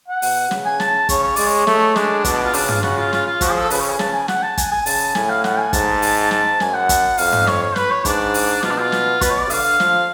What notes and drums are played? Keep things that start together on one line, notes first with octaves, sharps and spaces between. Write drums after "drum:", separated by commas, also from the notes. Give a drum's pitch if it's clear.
F#5
B2, drum: open hi-hat
C#3, drum: snare
G#5
A5, drum: snare
C#3 C#5, drum: kick, hi-hat
C#5
G#3 D5, drum: open hi-hat
C#5
A3, drum: snare
G#3 D4, drum: snare
B2, drum: kick, hi-hat
F4
C#3 D4, drum: open hi-hat
F4, drum: tom
C#3 F#4, drum: snare
F4
F4, drum: snare
F4
F3 F#4, drum: kick, hi-hat
G#4
A4
C#3 B4, drum: open hi-hat
C#5
G#5
C#3 A5, drum: snare
G#5
F#5, drum: snare
A5
G#5, drum: kick, hi-hat
G#5
C#3 A5, drum: open hi-hat
A2 G#5, drum: snare
F5
F#5, drum: snare
G#5
G#2 A5, drum: kick, hi-hat
drum: open hi-hat
A5, drum: snare
F#2 G#5, drum: snare
F#5
drum: kick, hi-hat
F2 F5, drum: open hi-hat
drum: tom
C#5, drum: snare
C#5
B4, drum: snare
C#5
G#2 D4, drum: kick, hi-hat
drum: open hi-hat
B2 F4, drum: snare
D4
F4
drum: snare
B2 B4, drum: kick, hi-hat
C#5
D5
D3 F5, drum: open hi-hat
F3, drum: snare